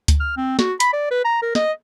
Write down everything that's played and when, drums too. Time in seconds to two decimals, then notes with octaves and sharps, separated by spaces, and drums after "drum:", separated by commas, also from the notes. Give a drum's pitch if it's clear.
0.08 drum: kick D2, hi-hat
0.20 F6
0.37 C4
0.59 F#4, drum: snare
0.80 B5, drum: hi-hat
0.93 D5
1.11 B4
1.25 A#5
1.42 A#4
1.55 D#5, drum: snare